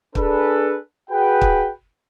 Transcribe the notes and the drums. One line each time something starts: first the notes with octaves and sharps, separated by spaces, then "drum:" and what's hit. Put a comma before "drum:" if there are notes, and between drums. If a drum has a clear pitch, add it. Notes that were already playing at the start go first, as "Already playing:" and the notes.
D4 G#4 A4 B4, drum: kick
F#4 G#4 B4 G5
drum: kick